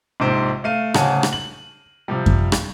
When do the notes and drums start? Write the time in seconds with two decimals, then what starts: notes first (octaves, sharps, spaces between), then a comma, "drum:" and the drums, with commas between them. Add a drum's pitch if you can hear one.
0.20 A#1 G#2 C3 C5 D7
0.64 A3 F5 D#7
0.94 D1 C#3 C#5 F#5 G#5 A5, drum: rim click
1.23 drum: rim click
1.33 F#7
2.08 C3 F3 G3
2.26 drum: kick F#2
2.52 drum: rim click